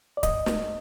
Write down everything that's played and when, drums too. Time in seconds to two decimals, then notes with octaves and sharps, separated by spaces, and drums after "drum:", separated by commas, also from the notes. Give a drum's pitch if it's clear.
0.17 D5
0.23 G2 D#5, drum: kick D1, hi-hat
0.46 drum: snare